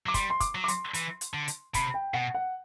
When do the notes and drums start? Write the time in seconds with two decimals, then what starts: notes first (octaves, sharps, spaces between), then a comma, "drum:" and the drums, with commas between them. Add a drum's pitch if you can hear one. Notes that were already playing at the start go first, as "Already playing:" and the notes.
0.06 F#3 D6
0.14 G3 C6, drum: kick, hi-hat
0.30 C6
0.40 D6, drum: kick, hi-hat
0.55 F#3
0.64 D6
0.68 C6, drum: hi-hat
0.94 E3, drum: hi-hat
1.21 drum: hi-hat
1.34 D3
1.48 drum: hi-hat
1.74 C3 B5, drum: kick, hi-hat
1.94 G5
2.14 B2 F#5
2.34 F#5